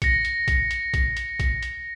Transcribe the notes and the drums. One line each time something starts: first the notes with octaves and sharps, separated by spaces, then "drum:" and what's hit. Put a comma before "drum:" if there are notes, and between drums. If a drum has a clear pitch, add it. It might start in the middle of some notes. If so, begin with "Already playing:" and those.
A#6 C#7, drum: kick, hi-hat
drum: hi-hat
drum: kick, hi-hat
drum: hi-hat
drum: kick, hi-hat
drum: hi-hat
drum: kick, hi-hat
drum: hi-hat